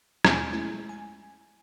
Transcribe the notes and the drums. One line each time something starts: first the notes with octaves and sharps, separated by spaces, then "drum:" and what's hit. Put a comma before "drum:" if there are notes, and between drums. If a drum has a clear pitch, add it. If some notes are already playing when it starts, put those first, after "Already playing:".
D#2 B2 G#3 B3 G#5 G6, drum: rim click
G#3 A3 C#4 E4
G#5